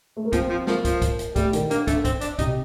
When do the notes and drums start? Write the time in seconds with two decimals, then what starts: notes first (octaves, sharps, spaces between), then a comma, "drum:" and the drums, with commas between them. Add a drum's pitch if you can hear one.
0.17 A3
0.25 A#3
0.33 F3 C4, drum: kick, hi-hat
0.50 F3
0.67 F3 A#3, drum: snare
0.85 F3, drum: kick, hi-hat
1.02 drum: kick, hi-hat
1.19 drum: hi-hat
1.36 G3 A3, drum: kick, hi-hat
1.53 D#3, drum: hi-hat
1.71 D3 A#3, drum: hi-hat
1.87 D3 A3, drum: kick, hi-hat
2.05 C4, drum: kick, hi-hat
2.21 D4, drum: hi-hat
2.39 C3 D#4, drum: kick, hi-hat